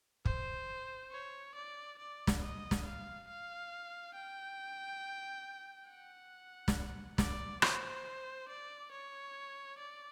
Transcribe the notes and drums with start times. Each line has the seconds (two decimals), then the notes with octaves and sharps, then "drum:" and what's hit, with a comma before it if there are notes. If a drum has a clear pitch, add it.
0.25 C5, drum: kick
1.11 C#5
1.55 D5
1.99 D5
2.27 drum: snare
2.42 D#5
2.71 drum: snare
2.85 F5
3.28 F5
4.15 G5
5.88 F#5
6.68 drum: snare
7.18 D5, drum: snare
7.62 C5, drum: rim click
8.49 D5
8.92 C#5
9.79 D5